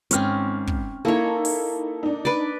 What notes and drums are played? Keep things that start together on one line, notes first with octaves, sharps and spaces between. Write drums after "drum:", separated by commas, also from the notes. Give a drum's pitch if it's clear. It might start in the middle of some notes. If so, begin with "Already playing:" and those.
G#1 C4 C#4 F6, drum: hi-hat
drum: kick
A#3 D#4 E4 A4 C#5
drum: open hi-hat
D4 D#4
B4 D5